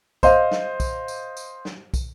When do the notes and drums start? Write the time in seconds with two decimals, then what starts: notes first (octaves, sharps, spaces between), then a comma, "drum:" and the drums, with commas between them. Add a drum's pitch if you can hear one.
0.23 C5 D#5 F5, drum: kick, tambourine
0.51 drum: snare
0.80 drum: kick, tambourine
1.08 drum: tambourine
1.37 drum: tambourine
1.65 drum: snare
1.94 drum: kick, tambourine